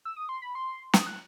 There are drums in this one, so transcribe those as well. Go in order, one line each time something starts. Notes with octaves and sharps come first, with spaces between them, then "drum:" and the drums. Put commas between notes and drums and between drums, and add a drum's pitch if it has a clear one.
E6
D#6
C6
B5
C6
D#6, drum: snare
F#6